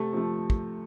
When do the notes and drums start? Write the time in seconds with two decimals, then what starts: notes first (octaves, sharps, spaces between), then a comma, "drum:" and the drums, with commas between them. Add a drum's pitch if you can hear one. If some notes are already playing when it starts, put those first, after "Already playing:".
Already playing: C3 A3 A4
0.13 F3 A3
0.50 drum: kick